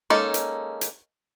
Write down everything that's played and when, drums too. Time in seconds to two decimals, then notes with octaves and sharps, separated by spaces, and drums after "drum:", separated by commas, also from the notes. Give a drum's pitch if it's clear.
0.10 G#3 A#3 C#4 D#4 A4
0.34 drum: hi-hat
0.81 drum: hi-hat